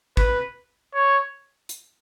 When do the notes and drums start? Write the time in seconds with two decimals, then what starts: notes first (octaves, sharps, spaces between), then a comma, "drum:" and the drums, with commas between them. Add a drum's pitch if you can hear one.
0.17 B4, drum: kick
0.94 C#5
1.69 drum: hi-hat